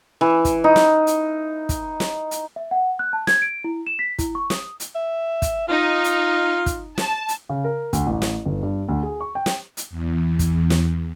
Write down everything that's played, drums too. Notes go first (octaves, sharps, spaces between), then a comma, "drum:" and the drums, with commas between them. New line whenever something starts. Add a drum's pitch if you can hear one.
E3
drum: kick, hi-hat
D#4
drum: snare
drum: hi-hat
drum: kick, hi-hat
drum: snare
drum: hi-hat
E5
F#5
F#6
A5
G#6, drum: snare
D7
E4
E7
B6
E4, drum: kick, hi-hat
C#6
D#6, drum: snare
drum: hi-hat
E5
drum: kick, hi-hat
D#4 F4
drum: hi-hat
drum: kick, hi-hat
A5, drum: snare
drum: hi-hat
C#3
A#4
D2, drum: kick, hi-hat
A1
drum: snare
G1
G2
D2
G#4
C#6
G5
drum: snare
drum: hi-hat
E2
drum: kick, hi-hat
drum: snare